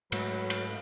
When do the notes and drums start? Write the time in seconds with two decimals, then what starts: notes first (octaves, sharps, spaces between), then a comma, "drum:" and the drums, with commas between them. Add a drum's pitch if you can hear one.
0.12 G#2 F#3 G#3 A3 B4, drum: cymbal
0.50 drum: cymbal